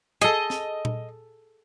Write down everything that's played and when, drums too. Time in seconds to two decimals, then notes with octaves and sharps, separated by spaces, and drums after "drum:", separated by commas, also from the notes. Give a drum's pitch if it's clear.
0.21 G#4 A4 D#5
0.50 drum: snare
0.85 drum: tom A#2